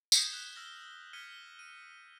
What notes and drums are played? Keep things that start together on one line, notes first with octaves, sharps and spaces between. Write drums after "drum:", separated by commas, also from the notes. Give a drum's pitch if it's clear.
D#6 G6 G#6 E7 G7, drum: tambourine
F#6 B6 E7 F7 G7
E6 F6 A#6 G7
F6 G#6 B6 C#7 D#7 G7
F6 D#7